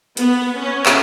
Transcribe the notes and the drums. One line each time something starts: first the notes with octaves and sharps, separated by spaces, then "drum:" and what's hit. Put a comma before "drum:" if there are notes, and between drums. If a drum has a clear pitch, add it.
B3, drum: hi-hat
C#4
drum: clap